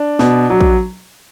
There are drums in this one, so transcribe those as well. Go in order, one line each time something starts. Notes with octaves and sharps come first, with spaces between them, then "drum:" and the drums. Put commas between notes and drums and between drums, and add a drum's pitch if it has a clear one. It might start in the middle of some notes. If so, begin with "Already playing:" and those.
Already playing: D4
B2, drum: snare
F#3
drum: kick